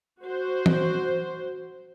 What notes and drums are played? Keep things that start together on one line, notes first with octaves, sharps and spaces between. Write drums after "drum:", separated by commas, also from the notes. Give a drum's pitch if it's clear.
F#4 C5
drum: tom E3